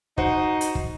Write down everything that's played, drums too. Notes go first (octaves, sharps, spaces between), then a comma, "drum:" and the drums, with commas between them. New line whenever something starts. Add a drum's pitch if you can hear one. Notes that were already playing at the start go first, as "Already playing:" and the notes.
D#4 F#4 C5 F#5, drum: kick
drum: hi-hat
drum: kick